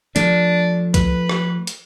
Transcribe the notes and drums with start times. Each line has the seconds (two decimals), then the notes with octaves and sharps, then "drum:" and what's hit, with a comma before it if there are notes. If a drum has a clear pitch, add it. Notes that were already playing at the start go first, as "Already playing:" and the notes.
0.16 F3 A3 D4, drum: hi-hat
0.94 B4, drum: kick C2, hi-hat
1.29 drum: rim click
1.67 drum: hi-hat